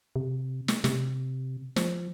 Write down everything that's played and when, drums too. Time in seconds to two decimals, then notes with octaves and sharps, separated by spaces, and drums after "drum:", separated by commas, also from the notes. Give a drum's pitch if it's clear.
0.16 C3
0.68 drum: snare
0.84 C3, drum: snare
1.76 F3, drum: snare